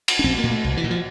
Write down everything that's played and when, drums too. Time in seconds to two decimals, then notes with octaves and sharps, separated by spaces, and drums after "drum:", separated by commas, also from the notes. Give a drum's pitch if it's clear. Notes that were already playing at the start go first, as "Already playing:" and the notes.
0.08 drum: cymbal
0.19 D4
0.24 A#1 C4
0.38 A#3
0.44 A#2
0.51 A3
0.64 C2
0.77 E3
0.84 A#2
0.90 F3